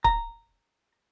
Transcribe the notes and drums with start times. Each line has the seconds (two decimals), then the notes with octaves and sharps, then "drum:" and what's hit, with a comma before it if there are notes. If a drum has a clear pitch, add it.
0.04 A#5, drum: kick C#1